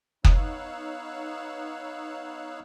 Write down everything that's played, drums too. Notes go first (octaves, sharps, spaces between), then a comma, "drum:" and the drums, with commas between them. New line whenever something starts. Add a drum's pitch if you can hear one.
B3 D#4 C#5 F5 E6 F#6, drum: kick F#1